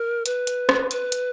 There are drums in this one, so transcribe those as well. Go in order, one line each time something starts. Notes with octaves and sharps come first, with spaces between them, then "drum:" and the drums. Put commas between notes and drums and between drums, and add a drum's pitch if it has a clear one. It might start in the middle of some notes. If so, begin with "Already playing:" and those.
Already playing: A#4
B4, drum: hi-hat
drum: hi-hat
drum: rim click
B4, drum: hi-hat
drum: hi-hat